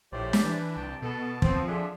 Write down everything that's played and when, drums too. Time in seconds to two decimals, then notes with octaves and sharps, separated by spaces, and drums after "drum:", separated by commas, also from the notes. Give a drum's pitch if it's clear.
0.12 A#1 A2 G4 C5 D5
0.33 drum: snare
0.43 E3 D4 B4
0.77 C2 G5 A5
1.02 B2 B3 A4 A5
1.42 F3 C4, drum: kick
1.67 D3 D4 G#4 E5